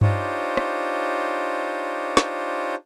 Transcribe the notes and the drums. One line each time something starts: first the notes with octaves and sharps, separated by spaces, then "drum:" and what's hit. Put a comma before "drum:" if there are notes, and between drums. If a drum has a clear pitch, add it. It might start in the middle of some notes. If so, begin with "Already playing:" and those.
D4 D#4 F4 G4 C5 C#5, drum: tom G2
drum: rim click
drum: snare